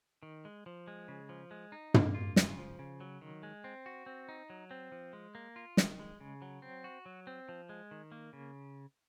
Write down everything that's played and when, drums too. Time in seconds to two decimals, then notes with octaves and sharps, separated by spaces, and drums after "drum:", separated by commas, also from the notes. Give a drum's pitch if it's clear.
0.23 D#3
0.45 G#3
0.66 F3
0.88 G#3
1.08 C#3
1.29 F3
1.51 G#3
1.72 D#4
1.94 A#3, drum: tom
2.14 F4
2.36 C#3, drum: snare
2.58 F3
2.79 C#3
3.00 F#3
3.21 D#3
3.43 G#3
3.64 C4
3.86 F#4
4.06 C4
4.29 D#4
4.50 F#3
4.71 C4
4.92 F3
5.13 G#3
5.35 A#3
5.56 F4
5.77 D#3, drum: snare
5.99 G#3
6.21 C#3
6.42 F#3
6.62 C4
6.84 F#4
7.06 F#3
7.27 C4
7.49 F3
7.69 G#3
7.91 D#3
8.12 A#3
8.33 C#3